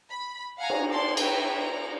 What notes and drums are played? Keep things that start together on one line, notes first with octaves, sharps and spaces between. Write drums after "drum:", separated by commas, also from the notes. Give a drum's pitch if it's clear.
B5
F5 F#5 G#5 A#5
drum: cymbal
D5 A5 C6
B4 C#5 E5 G5 A#5, drum: cymbal
A#5